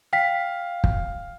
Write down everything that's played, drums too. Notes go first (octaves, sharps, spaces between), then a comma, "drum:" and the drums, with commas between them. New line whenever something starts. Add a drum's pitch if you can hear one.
F5 G5 B6
drum: kick